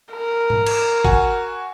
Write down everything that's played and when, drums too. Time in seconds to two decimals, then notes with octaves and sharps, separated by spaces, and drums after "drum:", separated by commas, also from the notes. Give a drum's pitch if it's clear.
0.13 A#4
0.50 drum: tom G#2
0.66 drum: cymbal
1.05 F#4 F#5 G#5, drum: kick